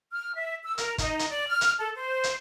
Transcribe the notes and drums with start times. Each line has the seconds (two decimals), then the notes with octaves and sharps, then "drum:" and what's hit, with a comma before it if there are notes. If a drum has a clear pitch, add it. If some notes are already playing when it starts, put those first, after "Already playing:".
0.12 F6
0.34 E5
0.64 E6
0.78 A#4, drum: hi-hat
0.98 D#4, drum: kick, hi-hat
1.19 drum: hi-hat
1.30 D5
1.48 F6
1.61 drum: hi-hat
1.78 A4
1.95 C5
2.23 drum: hi-hat